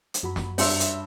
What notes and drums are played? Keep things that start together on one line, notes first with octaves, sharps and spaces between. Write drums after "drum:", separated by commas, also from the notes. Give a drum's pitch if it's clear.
drum: hi-hat
F#2 F#3 F#4 B5
drum: snare
G2 C#5 E5 C6 E6, drum: open hi-hat
drum: hi-hat